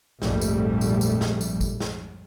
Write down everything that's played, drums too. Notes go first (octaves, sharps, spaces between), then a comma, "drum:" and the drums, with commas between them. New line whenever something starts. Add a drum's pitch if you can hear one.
A#1 F2 G#2 G3 A3, drum: snare
drum: tambourine
drum: tambourine
drum: tambourine
drum: snare
drum: tambourine
drum: kick G#1, tambourine
drum: snare